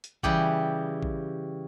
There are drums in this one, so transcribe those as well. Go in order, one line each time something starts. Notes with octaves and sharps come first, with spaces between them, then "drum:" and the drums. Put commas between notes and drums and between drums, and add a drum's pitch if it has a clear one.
drum: hi-hat
C#3 E3 G3 G4, drum: kick
drum: kick